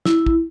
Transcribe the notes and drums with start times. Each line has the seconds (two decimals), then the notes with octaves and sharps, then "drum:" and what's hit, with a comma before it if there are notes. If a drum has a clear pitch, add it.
0.05 E4, drum: snare
0.26 drum: kick